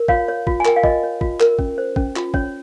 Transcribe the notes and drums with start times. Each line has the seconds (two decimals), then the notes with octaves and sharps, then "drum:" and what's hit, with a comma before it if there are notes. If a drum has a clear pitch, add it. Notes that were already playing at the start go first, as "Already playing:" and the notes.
Already playing: A#4
0.08 F4 C#5 F5, drum: kick
0.28 C#5
0.47 F4, drum: kick
0.60 G#5
0.65 A#4 G5, drum: clap
0.76 F5
0.84 F4 D#5, drum: kick
1.03 C#5
1.21 F4, drum: kick
1.40 A#4, drum: clap
1.59 C#4, drum: kick
1.78 C5
1.96 C#4, drum: kick
2.16 F4, drum: clap
2.34 C#4 C#5, drum: kick